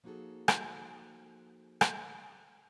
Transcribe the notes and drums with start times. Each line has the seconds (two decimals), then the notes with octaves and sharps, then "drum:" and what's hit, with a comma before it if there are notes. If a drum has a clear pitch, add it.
0.04 F3 A#3 D#4 F#4 G#4 A4
0.48 drum: rim click
1.81 drum: rim click